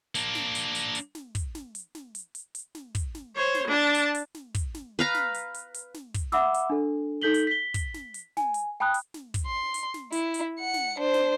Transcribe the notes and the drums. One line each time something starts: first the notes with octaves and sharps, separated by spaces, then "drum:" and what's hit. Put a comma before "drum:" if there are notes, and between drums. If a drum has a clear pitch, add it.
A#3 D4, drum: hi-hat
drum: snare
drum: hi-hat
drum: hi-hat
drum: hi-hat
drum: snare
drum: kick, hi-hat
drum: snare
drum: hi-hat
drum: snare
drum: hi-hat
drum: hi-hat
drum: hi-hat
drum: snare
drum: kick, hi-hat
drum: snare
C5 C#5
drum: snare
D4 A5
drum: hi-hat
drum: hi-hat
drum: snare
drum: kick, hi-hat
drum: snare
B4 F5 A#5
drum: snare
drum: hi-hat
drum: hi-hat
drum: hi-hat
drum: snare
drum: kick, hi-hat
E5 F#5 B5 D6 E6, drum: snare
drum: hi-hat
D4 A4
D#4 A4 G6 B6 F#7 G7
drum: hi-hat
B6 G7
drum: kick, hi-hat
drum: snare
drum: hi-hat
G#5, drum: snare
drum: hi-hat
G5 A5 B5 D#6 F#6
drum: hi-hat
drum: snare
drum: kick, hi-hat
C6
drum: hi-hat
drum: snare
E4, drum: hi-hat
drum: hi-hat
F#5 C#7
drum: snare
D4 C5
drum: snare